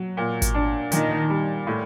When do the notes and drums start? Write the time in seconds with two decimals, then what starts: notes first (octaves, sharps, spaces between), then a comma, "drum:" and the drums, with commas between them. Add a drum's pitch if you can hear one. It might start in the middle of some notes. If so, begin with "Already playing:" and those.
Already playing: F#3
0.17 A#2
0.42 drum: kick G#1, hi-hat
0.54 D4
0.92 A#2 D#3, drum: hi-hat
1.30 G3
1.67 A2